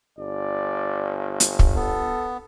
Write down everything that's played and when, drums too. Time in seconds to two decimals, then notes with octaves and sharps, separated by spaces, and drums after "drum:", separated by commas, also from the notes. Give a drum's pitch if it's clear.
0.18 G1 D5
1.40 drum: hi-hat
1.59 drum: kick
1.76 B3 A4